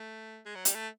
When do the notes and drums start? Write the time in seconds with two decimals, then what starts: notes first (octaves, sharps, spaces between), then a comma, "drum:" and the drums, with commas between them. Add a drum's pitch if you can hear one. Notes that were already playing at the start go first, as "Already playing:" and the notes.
Already playing: A3
0.46 G#3
0.55 F#3
0.65 G3, drum: hi-hat
0.75 A3